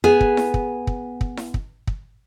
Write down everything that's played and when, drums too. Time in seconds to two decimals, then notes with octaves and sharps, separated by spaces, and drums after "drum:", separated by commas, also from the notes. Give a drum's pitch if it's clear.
0.04 B3 G#4
0.21 drum: kick
0.37 drum: snare E4
0.54 drum: kick
0.87 drum: kick
1.21 drum: kick
1.37 drum: snare E4
1.54 drum: kick
1.87 drum: kick